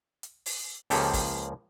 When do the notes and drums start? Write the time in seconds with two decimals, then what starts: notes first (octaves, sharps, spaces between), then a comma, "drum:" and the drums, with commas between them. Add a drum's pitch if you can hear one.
0.23 drum: hi-hat
0.46 drum: open hi-hat
0.90 C#2 C#3 F3 A#3 G4 A4, drum: open hi-hat
1.13 drum: kick, open hi-hat